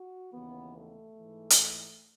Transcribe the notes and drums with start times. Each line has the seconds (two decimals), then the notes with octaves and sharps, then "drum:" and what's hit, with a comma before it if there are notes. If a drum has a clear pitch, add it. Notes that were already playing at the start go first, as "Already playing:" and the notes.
Already playing: F#4
0.32 D#2 C#3 E3 B3
0.75 A3
1.18 G#2 E3
1.50 drum: hi-hat